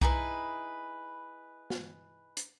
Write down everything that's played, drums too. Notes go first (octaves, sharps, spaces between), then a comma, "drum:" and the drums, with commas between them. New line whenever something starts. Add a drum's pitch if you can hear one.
D#4 E4 G#4 B4, drum: kick B1
drum: snare
drum: hi-hat